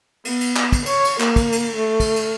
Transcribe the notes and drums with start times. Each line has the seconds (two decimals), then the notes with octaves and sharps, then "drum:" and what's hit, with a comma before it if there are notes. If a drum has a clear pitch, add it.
0.25 B3, drum: cymbal
0.41 drum: cymbal
0.57 drum: clap
0.72 drum: kick, cymbal
0.86 C#5, drum: cymbal
1.04 drum: cymbal
1.21 A#3, drum: clap
1.36 drum: kick, cymbal
1.52 drum: cymbal
1.75 A3
2.00 drum: kick, cymbal
2.16 drum: cymbal